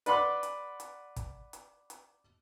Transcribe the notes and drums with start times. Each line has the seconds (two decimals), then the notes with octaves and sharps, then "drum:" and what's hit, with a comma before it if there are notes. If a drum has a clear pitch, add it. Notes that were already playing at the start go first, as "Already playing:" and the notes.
0.06 B4 D5 F#5 B5 C6 D6, drum: hi-hat
0.43 drum: hi-hat
0.80 drum: hi-hat
1.16 drum: kick, hi-hat
1.53 drum: hi-hat
1.90 drum: hi-hat